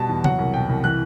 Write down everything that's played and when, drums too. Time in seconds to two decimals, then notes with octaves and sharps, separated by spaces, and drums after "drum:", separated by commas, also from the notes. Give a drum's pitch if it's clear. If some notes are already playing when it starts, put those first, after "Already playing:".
Already playing: B2 G3 B3 A5
0.09 E2
0.24 F#3 F#5, drum: tom C#3
0.39 C2
0.54 B2 G5
0.69 C2
0.84 E3 F#6